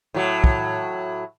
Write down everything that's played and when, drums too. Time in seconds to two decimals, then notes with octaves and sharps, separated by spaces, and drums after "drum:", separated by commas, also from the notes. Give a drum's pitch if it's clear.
0.14 A2 F#3
0.44 drum: kick